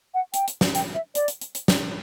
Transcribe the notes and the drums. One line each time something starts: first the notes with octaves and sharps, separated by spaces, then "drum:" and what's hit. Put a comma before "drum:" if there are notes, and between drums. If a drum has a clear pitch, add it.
F#5
G5, drum: hi-hat
drum: hi-hat
drum: snare
G5, drum: hi-hat
E5
D5, drum: hi-hat
drum: hi-hat
drum: hi-hat
drum: hi-hat
drum: snare